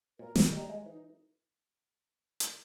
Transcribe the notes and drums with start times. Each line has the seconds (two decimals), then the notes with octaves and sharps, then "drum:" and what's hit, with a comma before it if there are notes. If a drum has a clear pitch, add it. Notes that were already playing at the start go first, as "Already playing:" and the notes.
0.19 A#2 A#4
0.36 A#2, drum: snare
0.52 G3 D#5 G5 A#5
0.69 G#3
0.85 E3 D#4
2.40 drum: hi-hat